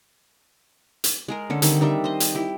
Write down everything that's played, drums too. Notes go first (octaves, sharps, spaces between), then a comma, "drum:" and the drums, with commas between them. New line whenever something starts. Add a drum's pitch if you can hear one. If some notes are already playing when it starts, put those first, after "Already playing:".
drum: hi-hat
G#3 G#4 A#4
D3 C#4 A4
D3 D#3 G3 C4, drum: hi-hat
D#3 G3 D4 E5
C5 D#5
drum: hi-hat
E4 G4